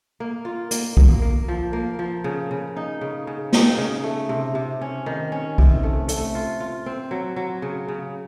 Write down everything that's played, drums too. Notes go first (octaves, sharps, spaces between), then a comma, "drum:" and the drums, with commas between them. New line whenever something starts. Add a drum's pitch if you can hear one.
A#3
F4
A#3, drum: hi-hat
A#3, drum: kick B1
A#3
F3
A#3
F3
C#3
C#3
D#4
C#3
C#3
D#4, drum: snare
C#3
A3
C3
C3
C#4
D#3
C#4
C3, drum: kick B1
A3
A3, drum: hi-hat
F4
F4
C4
F#3
F#3
C#3
C#3